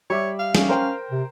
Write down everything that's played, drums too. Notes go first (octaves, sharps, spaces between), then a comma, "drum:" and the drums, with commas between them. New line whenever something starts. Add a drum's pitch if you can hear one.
G3 C#5 E5 D6
F5
C#4, drum: snare
A#4 C5 G5
C3